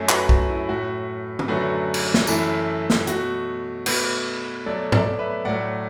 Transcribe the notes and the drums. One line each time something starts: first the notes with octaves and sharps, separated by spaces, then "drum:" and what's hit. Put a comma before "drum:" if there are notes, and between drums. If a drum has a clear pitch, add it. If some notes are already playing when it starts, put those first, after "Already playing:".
Already playing: F#2 F#3 A3
F#4 B4, drum: clap
F#4, drum: kick
E4
A2 A3 F#4
drum: tom
F#2 D3 F#3 A3 F#4 B4
drum: cymbal
drum: snare
F#2 E3 A3 E4 A4, drum: tambourine
drum: snare
B2 A3 F#4, drum: hi-hat
B2 A3 F#4 B4, drum: cymbal
B2 F#3 A3 A4 D5
A4 D5, drum: tom G#2
B4 E5
A2 F#3 A3 D5 F#5